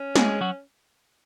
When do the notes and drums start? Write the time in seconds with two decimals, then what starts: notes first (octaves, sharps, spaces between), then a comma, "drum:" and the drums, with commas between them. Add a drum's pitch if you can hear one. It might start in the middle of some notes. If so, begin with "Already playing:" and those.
Already playing: C#4
0.15 G#3 G#4, drum: snare
0.41 F#3 F#4